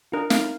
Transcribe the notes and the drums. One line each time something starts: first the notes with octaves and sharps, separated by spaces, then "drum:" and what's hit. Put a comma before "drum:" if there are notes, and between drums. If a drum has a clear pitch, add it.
D4 F4 A#4
C4 D#4 F5, drum: snare